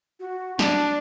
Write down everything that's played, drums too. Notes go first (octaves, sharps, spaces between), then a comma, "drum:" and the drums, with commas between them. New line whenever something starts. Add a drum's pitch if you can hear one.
F#4
D4 A5, drum: snare